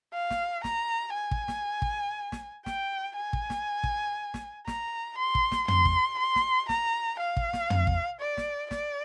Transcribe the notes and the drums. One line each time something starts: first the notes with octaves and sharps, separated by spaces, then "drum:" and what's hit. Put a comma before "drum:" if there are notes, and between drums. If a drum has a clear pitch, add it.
F5
drum: snare
A#5, drum: snare
G#5
drum: kick
drum: snare
drum: kick
drum: snare
G5, drum: snare
G#5
drum: kick
drum: snare
drum: kick
drum: snare
A#5, drum: snare
C6
drum: kick
drum: snare
C6, drum: tom
drum: kick
C6
drum: snare
A#5, drum: snare
F5
drum: kick
drum: snare
drum: tom
drum: kick
D5
drum: snare
D5, drum: snare